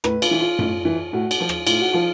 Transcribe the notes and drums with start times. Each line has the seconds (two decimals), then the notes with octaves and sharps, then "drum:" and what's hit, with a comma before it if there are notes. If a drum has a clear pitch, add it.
0.04 A2 B4, drum: rim click
0.22 F4, drum: cymbal
0.31 E3
0.40 F4
0.59 A2, drum: tom F#2
0.85 E3
1.13 A2 F#4
1.31 drum: cymbal
1.40 F3 F4
1.49 drum: rim click
1.67 A2 F4, drum: cymbal
1.81 F#4
1.93 F3 F4